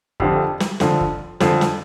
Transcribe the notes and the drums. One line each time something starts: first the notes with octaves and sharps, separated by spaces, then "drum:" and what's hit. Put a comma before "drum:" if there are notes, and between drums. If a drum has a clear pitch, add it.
F2 D3 F3 G4, drum: kick
drum: snare
F2 D3 F3, drum: snare
drum: kick
F2 D3 F3, drum: snare
drum: snare